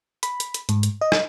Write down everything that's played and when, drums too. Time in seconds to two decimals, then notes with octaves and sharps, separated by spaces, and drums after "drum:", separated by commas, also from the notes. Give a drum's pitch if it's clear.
0.23 B5, drum: hi-hat
0.40 drum: hi-hat
0.54 drum: hi-hat
0.69 G#2, drum: hi-hat
0.83 drum: hi-hat
1.01 D#5
1.12 drum: rim click